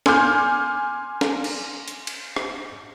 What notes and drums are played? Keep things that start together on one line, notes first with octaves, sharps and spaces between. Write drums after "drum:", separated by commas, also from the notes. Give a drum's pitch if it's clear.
G#5 C6 D6 F6 G6, drum: snare
drum: snare
drum: cymbal
drum: hi-hat
drum: cymbal
drum: rim click